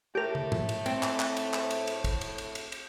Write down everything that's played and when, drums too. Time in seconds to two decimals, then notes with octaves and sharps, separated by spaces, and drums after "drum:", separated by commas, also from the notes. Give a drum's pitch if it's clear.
0.15 A2 A3 G4 A#4
0.35 drum: tom
0.52 drum: tom G#2
0.69 drum: cymbal
0.86 C4, drum: cymbal
1.03 drum: clap
1.20 drum: clap
1.37 drum: cymbal
1.54 drum: clap
1.70 drum: cymbal
1.87 drum: cymbal
2.04 drum: kick, cymbal
2.21 drum: cymbal
2.38 drum: cymbal
2.55 drum: cymbal
2.72 drum: cymbal